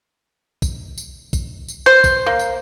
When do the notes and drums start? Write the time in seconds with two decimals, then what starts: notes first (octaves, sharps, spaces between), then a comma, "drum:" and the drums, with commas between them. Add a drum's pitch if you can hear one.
0.62 drum: kick, tambourine
0.98 drum: tambourine
1.33 drum: kick, tambourine
1.68 drum: tambourine
1.86 C5
2.04 drum: kick, tambourine
2.26 A#3
2.39 drum: tambourine